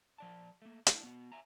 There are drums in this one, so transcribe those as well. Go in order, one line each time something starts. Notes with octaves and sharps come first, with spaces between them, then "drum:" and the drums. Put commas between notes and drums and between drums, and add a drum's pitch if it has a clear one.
F3 D5 A5
A3 A#3
D4 E4, drum: hi-hat
B3 F#4
E5 G#5 A#5